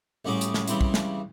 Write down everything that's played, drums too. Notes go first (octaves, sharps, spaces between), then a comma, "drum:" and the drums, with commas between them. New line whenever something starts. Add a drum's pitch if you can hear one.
A1 G3 C#4 F#4 G#4 D6
drum: hi-hat
drum: snare
C#3 E3 G3 C4 E4, drum: hi-hat
drum: kick
drum: snare